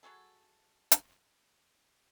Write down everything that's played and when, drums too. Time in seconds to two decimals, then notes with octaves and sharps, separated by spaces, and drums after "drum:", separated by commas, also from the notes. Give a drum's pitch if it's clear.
0.03 F#3 F#4 G#4 A4
0.92 drum: hi-hat